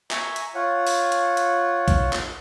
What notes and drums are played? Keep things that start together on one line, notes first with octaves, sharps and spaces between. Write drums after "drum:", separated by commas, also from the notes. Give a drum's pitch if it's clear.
E5 G#5 A#5 C#6, drum: clap
drum: hi-hat
F4 C#5 F#5
drum: open hi-hat
drum: hi-hat
drum: hi-hat
drum: kick, hi-hat
drum: clap